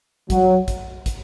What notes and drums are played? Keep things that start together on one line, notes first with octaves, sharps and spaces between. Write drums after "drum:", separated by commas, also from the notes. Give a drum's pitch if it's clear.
F#3, drum: kick, hi-hat
drum: kick, hi-hat
drum: kick, hi-hat